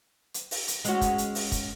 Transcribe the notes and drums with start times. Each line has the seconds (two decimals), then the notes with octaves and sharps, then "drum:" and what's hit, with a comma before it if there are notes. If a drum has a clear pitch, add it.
0.34 drum: hi-hat
0.51 drum: open hi-hat
0.68 drum: hi-hat
0.85 G#3 C#4 F#4, drum: hi-hat
1.01 drum: kick, hi-hat
1.18 drum: hi-hat
1.35 drum: open hi-hat
1.52 drum: kick, hi-hat